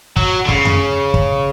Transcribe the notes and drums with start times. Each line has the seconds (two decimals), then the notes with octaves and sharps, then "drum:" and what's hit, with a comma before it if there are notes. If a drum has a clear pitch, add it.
0.17 F#3, drum: kick
0.45 D3
0.49 C#3, drum: kick
0.65 drum: tom F2
1.14 drum: kick